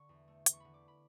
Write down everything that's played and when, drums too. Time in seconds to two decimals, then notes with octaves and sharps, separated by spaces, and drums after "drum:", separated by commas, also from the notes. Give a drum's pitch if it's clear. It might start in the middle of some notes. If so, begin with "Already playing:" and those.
Already playing: D3 C#6
0.09 E2
0.28 A3
0.46 E2, drum: hi-hat
0.53 C#6
0.60 D3 B5
0.74 D6
0.88 B5